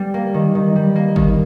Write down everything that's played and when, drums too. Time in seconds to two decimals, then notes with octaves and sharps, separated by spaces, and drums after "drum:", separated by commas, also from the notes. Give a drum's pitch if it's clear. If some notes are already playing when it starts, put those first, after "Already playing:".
Already playing: G3
0.14 A#3
0.34 D#3
0.55 D#3
0.76 G3
0.96 A#3
1.16 D#3, drum: kick G1